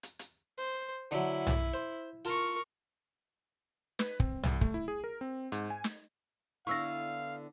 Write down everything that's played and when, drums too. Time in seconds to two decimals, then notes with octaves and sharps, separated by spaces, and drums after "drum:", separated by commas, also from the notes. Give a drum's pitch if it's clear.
0.03 drum: hi-hat
0.19 drum: hi-hat
0.58 C5
1.11 D3 F#3 E4
1.47 drum: tom B1
1.74 C5
2.25 F4 A#4 A5 C#6
3.99 B4, drum: snare
4.20 C4, drum: kick
4.43 C2, drum: tom B1
4.61 A3, drum: kick
4.74 E4
4.88 G#4
5.04 A#4
5.21 C4
5.52 G#2, drum: hi-hat
5.70 G#5
5.84 drum: snare
6.67 D3 B3 E4 F5 C#6 E6 A#6